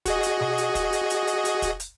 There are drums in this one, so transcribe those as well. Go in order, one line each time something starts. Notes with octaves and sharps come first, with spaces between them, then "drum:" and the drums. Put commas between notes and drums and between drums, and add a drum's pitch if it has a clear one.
F#4 G#4 D#5, drum: kick, hi-hat
drum: hi-hat
drum: tom B2
drum: hi-hat
drum: kick, hi-hat
drum: hi-hat
drum: hi-hat
drum: hi-hat
drum: hi-hat
drum: kick, hi-hat
drum: hi-hat